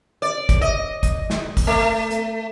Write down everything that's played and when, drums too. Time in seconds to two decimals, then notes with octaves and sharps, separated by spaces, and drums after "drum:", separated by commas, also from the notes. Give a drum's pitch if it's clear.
0.22 D5
0.49 drum: kick, hi-hat
0.61 D#5
1.03 drum: kick, hi-hat
1.30 drum: snare
1.57 drum: kick, open hi-hat
1.67 A3
2.11 drum: hi-hat